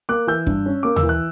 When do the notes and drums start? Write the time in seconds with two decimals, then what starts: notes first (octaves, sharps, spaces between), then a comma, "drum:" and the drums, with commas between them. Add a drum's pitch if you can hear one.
0.09 A#3 D6 F#6
0.27 E3 E6 G6
0.47 G2, drum: kick
0.66 C#4
0.83 A#3 D6
0.96 E6, drum: tom D#2
1.03 E3
1.09 F#6